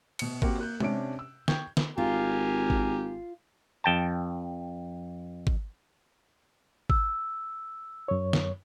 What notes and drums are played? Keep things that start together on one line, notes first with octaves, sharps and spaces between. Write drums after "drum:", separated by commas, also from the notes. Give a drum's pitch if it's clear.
B2 C#7, drum: cymbal
A#3 C4 F#4 G4, drum: kick G#1
A#3 F#6 G6
C3 C#4 D4 D7, drum: tom G#3
E6
G5 C#6 G6 G#6, drum: snare
drum: snare
G#1 F4 G4 A#4 G#5
drum: kick G#1
F2 G5 A5
drum: kick G#1
E6, drum: kick G#1
F#2 C#5
drum: snare